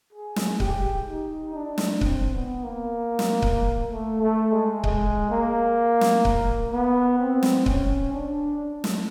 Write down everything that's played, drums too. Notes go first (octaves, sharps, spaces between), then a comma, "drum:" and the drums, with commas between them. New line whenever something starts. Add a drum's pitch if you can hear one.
G#4
drum: snare
G4, drum: kick C#1
D#4
D4
drum: snare
C4, drum: kick C#1
B3
A#3
drum: snare
drum: kick C#1
A3
A3
G#3
G#3, drum: kick C#1
A#3
drum: snare
drum: kick C#1
B3
C4
drum: snare
C#4, drum: kick C#1
D4
drum: snare